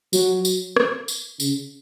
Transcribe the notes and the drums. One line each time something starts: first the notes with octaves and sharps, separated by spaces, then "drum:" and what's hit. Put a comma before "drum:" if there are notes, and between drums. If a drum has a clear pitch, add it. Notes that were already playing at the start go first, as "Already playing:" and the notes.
F#3, drum: tambourine
drum: tambourine
drum: rim click
drum: tambourine
C#3, drum: tambourine